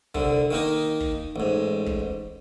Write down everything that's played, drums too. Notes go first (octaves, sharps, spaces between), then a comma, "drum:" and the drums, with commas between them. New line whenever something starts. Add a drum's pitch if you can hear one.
C2 D3, drum: kick
D#3 A#3 D#4
drum: kick
A1 G#2
drum: kick